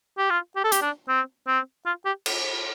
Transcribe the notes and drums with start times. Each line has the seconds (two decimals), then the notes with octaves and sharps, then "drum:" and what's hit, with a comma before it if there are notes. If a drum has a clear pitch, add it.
0.18 G4
0.30 F4
0.56 G4
0.64 A4
0.72 G4, drum: hi-hat
0.82 D4
1.09 C4
1.47 C4
1.86 F4
2.05 G4
2.26 drum: cymbal